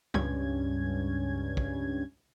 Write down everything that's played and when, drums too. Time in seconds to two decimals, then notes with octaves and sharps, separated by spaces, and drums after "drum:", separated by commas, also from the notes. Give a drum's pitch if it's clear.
0.14 C#2 G2 C#4 G#6, drum: tom
1.57 drum: kick